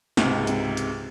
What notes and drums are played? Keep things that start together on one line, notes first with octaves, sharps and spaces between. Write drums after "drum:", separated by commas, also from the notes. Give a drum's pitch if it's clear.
C#2 G#2 C3, drum: snare
drum: hi-hat
drum: hi-hat